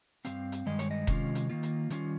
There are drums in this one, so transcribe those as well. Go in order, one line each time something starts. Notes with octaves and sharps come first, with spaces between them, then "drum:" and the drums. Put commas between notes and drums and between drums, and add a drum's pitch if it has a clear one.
G2 F3 C4 F5, drum: hi-hat
drum: hi-hat
G2 D#3 G#3 D#5
C#5, drum: hi-hat
D#5
C3 D#3 G#3 C#4 F4, drum: kick E1, hi-hat
drum: hi-hat
D#3 A#3 F4
drum: hi-hat
D#3 G3 C#4 F4, drum: hi-hat